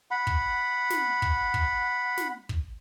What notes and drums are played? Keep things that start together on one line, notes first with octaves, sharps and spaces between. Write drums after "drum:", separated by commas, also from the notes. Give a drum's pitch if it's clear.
F#5 B5
drum: kick
drum: snare
drum: kick
drum: kick
drum: snare
drum: kick